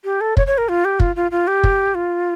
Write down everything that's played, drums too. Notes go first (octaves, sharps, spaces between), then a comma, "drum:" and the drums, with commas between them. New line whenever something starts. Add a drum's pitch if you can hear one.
G4
A4
C#5, drum: kick
C#5
A#4
F4
G4
F4, drum: kick
F4
F4
G4
drum: kick
F4